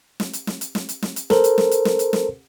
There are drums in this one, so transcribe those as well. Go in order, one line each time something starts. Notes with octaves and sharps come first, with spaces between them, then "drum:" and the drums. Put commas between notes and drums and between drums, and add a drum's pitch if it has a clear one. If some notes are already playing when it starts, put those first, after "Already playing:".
drum: snare
drum: hi-hat
drum: snare
drum: hi-hat
drum: snare
drum: hi-hat
drum: snare
drum: hi-hat
A4 A#4 C5, drum: snare
drum: hi-hat
drum: snare
drum: hi-hat
drum: snare
drum: hi-hat
drum: snare